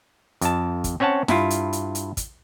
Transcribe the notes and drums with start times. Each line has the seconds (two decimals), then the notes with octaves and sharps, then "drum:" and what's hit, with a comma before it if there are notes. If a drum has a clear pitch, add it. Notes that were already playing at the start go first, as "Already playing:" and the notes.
0.41 F2 A5, drum: hi-hat
0.84 drum: kick, hi-hat
1.00 C4 C#4 C#5 F#5 A5
1.28 G2 E4 F4, drum: snare
1.50 drum: hi-hat
1.73 drum: hi-hat
1.95 drum: hi-hat
2.17 drum: kick, hi-hat